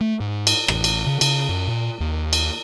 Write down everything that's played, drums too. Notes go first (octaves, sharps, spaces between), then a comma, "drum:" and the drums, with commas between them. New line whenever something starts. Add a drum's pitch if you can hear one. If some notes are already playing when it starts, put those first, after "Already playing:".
A3
G#2
drum: cymbal
A1, drum: rim click
drum: cymbal
C#3
C#3, drum: cymbal
F#2
A#2
D#2
drum: cymbal